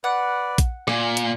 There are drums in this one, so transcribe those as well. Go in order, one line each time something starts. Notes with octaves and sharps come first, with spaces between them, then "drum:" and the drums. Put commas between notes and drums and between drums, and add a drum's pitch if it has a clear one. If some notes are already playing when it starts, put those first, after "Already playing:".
B4 D5 F#5
drum: kick A#1, hi-hat
A#2 G#5, drum: rim click
drum: hi-hat